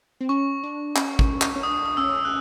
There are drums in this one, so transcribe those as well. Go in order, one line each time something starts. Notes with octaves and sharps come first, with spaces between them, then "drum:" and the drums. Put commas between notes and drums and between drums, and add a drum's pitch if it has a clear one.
C4
C#4 C#6
D4
C#4, drum: clap
drum: kick
drum: clap
C#4
D4 D#6
D#6
C#4 E6
F#6